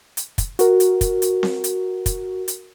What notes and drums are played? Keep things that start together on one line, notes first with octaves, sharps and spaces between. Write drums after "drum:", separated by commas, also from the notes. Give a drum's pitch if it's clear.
drum: hi-hat
drum: kick, hi-hat
F#4 A#4, drum: hi-hat
drum: hi-hat
drum: kick, hi-hat
drum: hi-hat
drum: snare C4
drum: hi-hat
drum: kick, hi-hat
drum: hi-hat